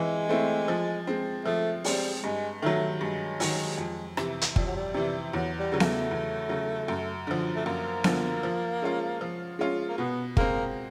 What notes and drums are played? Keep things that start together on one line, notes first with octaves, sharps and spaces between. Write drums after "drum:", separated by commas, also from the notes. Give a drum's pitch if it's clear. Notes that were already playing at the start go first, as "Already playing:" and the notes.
Already playing: E3 G#3 C4
A3 C4 E4
F3
G#3 C4
F3 A3
G3 G#3 C4, drum: open hi-hat
G2 G#3
D#3 F#3 A3
G2 G#3
D#3 F#3, drum: open hi-hat
F2
C3 E3, drum: rim click
drum: hi-hat
F2 G3, drum: kick
F#3
G3
C3 E3
E2 F#3
G3
C#3 F#3
A#3, drum: snare B3
A3
E2
C#3 F#3
F#2
D3 F3
A3
F#2 A#3
D3 F3, drum: snare B3
F3
G#3 C#4 F4
F3
G#3 C#4 F4
A#3
B2 B3
G#3 A#3 C4, drum: kick